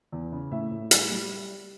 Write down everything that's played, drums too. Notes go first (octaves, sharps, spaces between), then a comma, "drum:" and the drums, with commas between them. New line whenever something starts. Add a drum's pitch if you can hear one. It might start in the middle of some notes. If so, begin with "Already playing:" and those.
E2
C#3
A2 E5
A2
G3, drum: hi-hat
G3